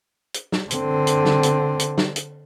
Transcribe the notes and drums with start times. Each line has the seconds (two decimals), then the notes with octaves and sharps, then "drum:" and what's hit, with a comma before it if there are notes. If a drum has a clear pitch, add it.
0.34 drum: hi-hat
0.52 drum: snare
0.71 D3 C4, drum: hi-hat
1.07 drum: hi-hat
1.25 drum: snare
1.43 drum: hi-hat
1.79 drum: hi-hat
1.98 drum: snare
2.16 drum: hi-hat